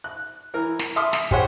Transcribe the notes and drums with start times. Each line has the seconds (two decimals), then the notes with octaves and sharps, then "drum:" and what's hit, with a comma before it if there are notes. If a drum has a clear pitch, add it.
0.04 F#6
0.54 E3 A#4
0.79 drum: snare
0.96 E5 C6 D6 D#6 F6
1.13 drum: snare
1.31 G4 G#4 C5 C#5 F#5, drum: kick